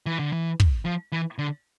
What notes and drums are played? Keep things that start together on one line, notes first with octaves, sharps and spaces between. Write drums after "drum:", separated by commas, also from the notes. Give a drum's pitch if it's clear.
E3
D3
E3
drum: kick
F3
E3
D3